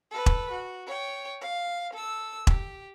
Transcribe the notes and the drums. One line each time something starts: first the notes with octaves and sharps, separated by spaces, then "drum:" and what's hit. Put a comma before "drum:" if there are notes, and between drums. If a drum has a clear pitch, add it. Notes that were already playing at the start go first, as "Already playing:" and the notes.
A4 B4
drum: kick E1
F#4
C#5 G5
F5
A4 E6
G4, drum: kick E1